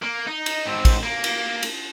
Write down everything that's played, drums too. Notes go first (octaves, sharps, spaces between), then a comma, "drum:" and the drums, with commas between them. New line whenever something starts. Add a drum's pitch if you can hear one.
A#3
D#4
drum: cymbal
G#2 C4
drum: kick A1, cymbal
A#3
drum: cymbal
drum: cymbal